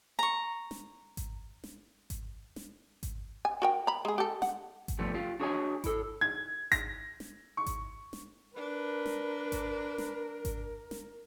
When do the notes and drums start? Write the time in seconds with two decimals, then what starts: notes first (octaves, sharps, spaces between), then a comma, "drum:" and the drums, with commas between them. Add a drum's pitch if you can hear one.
0.19 A#5 C#6
0.71 drum: snare
1.17 drum: kick G#1, hi-hat
1.64 drum: snare
2.10 drum: kick G#1, hi-hat
2.56 drum: snare
3.03 drum: kick G#1, hi-hat
3.45 G#5
3.62 F#4 A#4 G5
3.87 A#5 B5
4.05 G#3 G#4
4.18 G4 A4
4.42 F#5, drum: snare
4.88 drum: kick G#1, hi-hat
4.99 C3 F3 G3 A3 B3
5.14 F4 G4
5.40 D4 F#4 G#4 C#5 D#5 G#5
5.84 E4 A4, drum: kick G#1, hi-hat
6.21 G#6
6.72 A#6, drum: kick G#1, hi-hat
7.20 drum: snare
7.57 C#6
7.66 drum: kick G#1, hi-hat
8.13 drum: snare
8.56 D4 A#4 B4
9.06 drum: snare
9.52 drum: kick G#1, hi-hat
9.98 drum: snare
10.45 drum: kick G#1, hi-hat
10.91 drum: snare